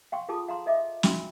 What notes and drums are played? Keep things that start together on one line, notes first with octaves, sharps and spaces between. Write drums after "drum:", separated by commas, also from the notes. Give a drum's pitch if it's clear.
F5 G5 C6 C#6
F4 G#4 A4 A5 D6 D#6
F5 A#5 C6
A4 D#5 E5 D6
D4 F#4 G5 B5 C6, drum: snare